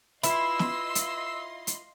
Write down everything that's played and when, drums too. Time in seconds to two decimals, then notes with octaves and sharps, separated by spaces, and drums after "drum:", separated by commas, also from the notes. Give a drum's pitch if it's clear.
0.23 E4 F4 B4 D#5 F5 B5 C6 E6, drum: hi-hat
0.59 drum: snare
0.95 drum: hi-hat
1.67 drum: hi-hat